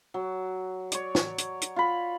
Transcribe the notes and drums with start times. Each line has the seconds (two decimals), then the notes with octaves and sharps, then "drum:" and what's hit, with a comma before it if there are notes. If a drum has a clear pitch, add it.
0.14 F#3
0.92 C#5 D5, drum: hi-hat
1.15 drum: snare
1.38 drum: hi-hat
1.61 drum: hi-hat
1.76 F4 B5